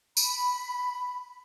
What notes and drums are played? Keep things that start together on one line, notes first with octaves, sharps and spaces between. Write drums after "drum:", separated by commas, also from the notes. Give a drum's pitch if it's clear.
B5, drum: tambourine